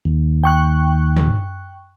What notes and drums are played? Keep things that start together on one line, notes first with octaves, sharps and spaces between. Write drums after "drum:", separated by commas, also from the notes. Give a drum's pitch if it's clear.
D#2
G5 C#6 F#6
drum: tom